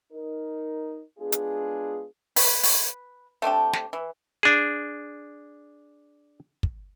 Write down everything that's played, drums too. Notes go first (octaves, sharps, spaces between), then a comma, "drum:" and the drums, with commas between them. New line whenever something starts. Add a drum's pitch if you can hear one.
D#4 A#4
G#3 B3 D4 F4 G#4
drum: hi-hat
B4, drum: open hi-hat
drum: open hi-hat
A3 C4 D4 G4
drum: snare
E3
D4 G#4
drum: kick